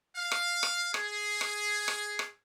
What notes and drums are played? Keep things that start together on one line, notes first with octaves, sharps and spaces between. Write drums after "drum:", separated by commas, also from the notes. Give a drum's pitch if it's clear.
F5
drum: rim click
drum: rim click
G#4, drum: rim click
drum: rim click
drum: rim click
drum: rim click